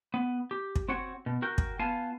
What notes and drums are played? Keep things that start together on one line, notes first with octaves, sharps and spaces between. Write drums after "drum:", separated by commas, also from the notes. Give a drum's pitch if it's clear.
B3
G4
drum: kick
C4 F#4 C#5 F#5
B2
F#4 A#4 G5
drum: kick
B3 F4 F5 G#5 A5